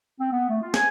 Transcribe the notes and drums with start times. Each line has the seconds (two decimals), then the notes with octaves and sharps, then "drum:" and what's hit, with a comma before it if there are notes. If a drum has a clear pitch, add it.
0.19 C4
0.31 B3
0.49 A3
0.61 F4
0.74 G#5, drum: snare